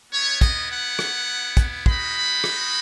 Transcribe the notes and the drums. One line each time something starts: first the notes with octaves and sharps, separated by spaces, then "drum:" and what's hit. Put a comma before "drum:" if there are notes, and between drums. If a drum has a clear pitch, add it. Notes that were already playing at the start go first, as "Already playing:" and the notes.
B3 E4 C#5
D#5, drum: kick, hi-hat
F#5
drum: rim click
drum: kick, hi-hat
G#3 D#4 F#4 B5, drum: kick
drum: rim click